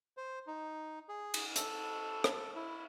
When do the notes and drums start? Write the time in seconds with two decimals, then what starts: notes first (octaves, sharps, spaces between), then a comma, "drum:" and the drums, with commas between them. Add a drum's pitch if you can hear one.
0.17 C5
0.47 D#4
1.09 G#4
1.34 drum: cymbal
1.56 A4, drum: hi-hat
2.24 drum: rim click
2.56 E4